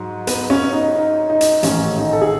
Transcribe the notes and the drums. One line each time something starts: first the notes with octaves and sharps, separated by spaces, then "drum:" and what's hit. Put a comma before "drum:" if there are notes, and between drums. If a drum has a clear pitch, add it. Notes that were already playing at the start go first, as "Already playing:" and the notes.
Already playing: G#2 F#3
B3 B4, drum: hi-hat
C#4
D#4
D#4
D#4
drum: hi-hat
A1 G#2 D#3 A3 C#4, drum: hi-hat
D#4
A4
G#4